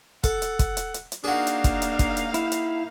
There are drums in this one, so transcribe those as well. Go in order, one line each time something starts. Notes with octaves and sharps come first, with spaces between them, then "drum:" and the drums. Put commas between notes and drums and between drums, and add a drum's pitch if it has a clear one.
A4 F#5, drum: kick, hi-hat
drum: hi-hat
drum: kick, hi-hat
drum: hi-hat
drum: hi-hat
drum: hi-hat
A#3 D4 D#4 F#4 G#4 F5
drum: hi-hat
drum: kick, hi-hat
drum: hi-hat
drum: kick, hi-hat
drum: hi-hat
E4, drum: hi-hat
drum: hi-hat